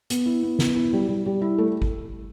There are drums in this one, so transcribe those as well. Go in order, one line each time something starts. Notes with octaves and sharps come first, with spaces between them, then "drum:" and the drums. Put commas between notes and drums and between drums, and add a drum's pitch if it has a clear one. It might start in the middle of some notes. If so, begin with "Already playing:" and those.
B3, drum: hi-hat
E4
B3
B3, drum: snare
E4
G3
G3
G3
E4
A3
drum: kick G#1